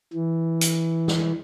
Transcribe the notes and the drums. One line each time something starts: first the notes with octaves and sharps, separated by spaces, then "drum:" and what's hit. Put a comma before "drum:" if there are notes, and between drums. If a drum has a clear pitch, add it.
E3
drum: hi-hat
drum: snare